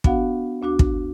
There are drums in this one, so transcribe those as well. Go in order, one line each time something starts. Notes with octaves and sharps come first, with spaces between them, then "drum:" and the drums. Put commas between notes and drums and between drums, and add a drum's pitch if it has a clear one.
B3 D4 F#4 F5 F#5, drum: kick
D2 D4 F#4 D6
drum: kick